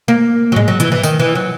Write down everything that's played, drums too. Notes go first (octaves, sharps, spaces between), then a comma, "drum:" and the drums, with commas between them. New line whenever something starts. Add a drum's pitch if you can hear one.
A#3
F#3
G#3, drum: tom G#2
F#3
E3, drum: hi-hat
E3
D#3, drum: tambourine
E3
F#3